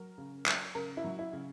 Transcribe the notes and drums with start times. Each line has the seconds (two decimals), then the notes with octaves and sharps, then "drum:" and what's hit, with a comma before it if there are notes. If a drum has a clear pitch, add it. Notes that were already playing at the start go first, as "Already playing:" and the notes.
Already playing: F#3 A#4
0.18 C#3
0.46 F#3, drum: clap
0.75 C#3 A#4
0.97 E4
1.04 F#3
1.19 E4
1.33 C#3